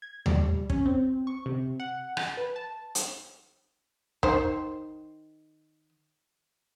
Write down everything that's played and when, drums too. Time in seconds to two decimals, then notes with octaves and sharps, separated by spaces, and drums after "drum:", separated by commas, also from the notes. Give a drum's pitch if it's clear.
0.02 G#6
0.26 G3, drum: tom D#2
0.70 C#4, drum: kick
0.86 C4
1.27 C#6
1.46 C3
1.80 F#5
2.17 A6, drum: rim click
2.37 B4
2.56 A5
2.95 drum: hi-hat
4.23 D#3 C5, drum: kick